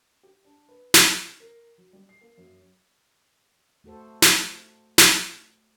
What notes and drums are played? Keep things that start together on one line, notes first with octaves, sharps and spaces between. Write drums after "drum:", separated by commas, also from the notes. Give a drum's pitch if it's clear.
G4
D4
B4
drum: snare
C7
A#4
F#3
G3
C7
A#3
F#2
A3 F#4 A4 C5
drum: snare
drum: snare